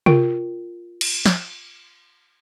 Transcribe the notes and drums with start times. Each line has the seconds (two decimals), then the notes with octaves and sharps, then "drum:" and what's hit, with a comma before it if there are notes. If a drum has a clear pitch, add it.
0.06 F4 A#4 G5, drum: tom C3
1.01 drum: cymbal
1.26 drum: snare